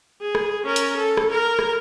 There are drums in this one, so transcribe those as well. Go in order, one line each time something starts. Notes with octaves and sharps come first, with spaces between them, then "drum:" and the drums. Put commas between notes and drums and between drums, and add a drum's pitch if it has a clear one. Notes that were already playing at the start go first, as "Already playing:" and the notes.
G#4
drum: rim click
C#4 A#4
drum: hi-hat
A4
drum: rim click
A#4
drum: rim click